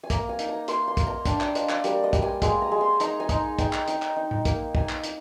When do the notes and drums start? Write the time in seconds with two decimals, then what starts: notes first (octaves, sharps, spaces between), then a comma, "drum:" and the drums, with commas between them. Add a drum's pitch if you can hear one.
0.03 G#5
0.10 A#3 A#5, drum: kick, hi-hat
0.29 G#5
0.39 D#4, drum: hi-hat
0.49 A#5
0.68 A#3 C6, drum: hi-hat
0.88 C6
0.97 A#3, drum: kick, hi-hat
1.07 A#5
1.25 D4 G5, drum: kick, hi-hat
1.41 F5, drum: clap
1.55 D4 D#5, drum: hi-hat
1.69 D5, drum: clap
1.84 G3 A#4, drum: hi-hat
2.04 D#5
2.13 G3, drum: kick, hi-hat
2.22 G#5
2.42 G#3 G#5, drum: kick, hi-hat
2.62 A#5
2.71 G#3
2.81 C6
3.00 D#4 A#5, drum: hi-hat
3.20 G#5
3.29 D#4, drum: kick, hi-hat
3.59 D#4 G5, drum: kick, hi-hat
3.73 drum: clap
3.88 D#4, drum: hi-hat
4.02 drum: clap
4.16 D#4
4.31 drum: tom A2
4.45 A#3, drum: kick, hi-hat
4.75 D#4 G#5, drum: kick
4.89 drum: clap
5.04 D#4, drum: hi-hat